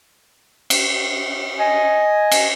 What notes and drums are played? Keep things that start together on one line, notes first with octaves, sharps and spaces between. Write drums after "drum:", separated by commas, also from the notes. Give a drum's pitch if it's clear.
drum: cymbal
D#5 G#5
drum: cymbal